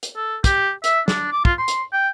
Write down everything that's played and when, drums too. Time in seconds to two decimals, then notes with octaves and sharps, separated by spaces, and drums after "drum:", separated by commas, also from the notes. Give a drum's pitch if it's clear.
0.03 drum: hi-hat
0.16 A4
0.44 G4, drum: kick, hi-hat
0.84 E5, drum: hi-hat
1.08 D4, drum: snare
1.32 D6
1.45 F4, drum: kick
1.58 C6
1.68 drum: hi-hat
1.93 G5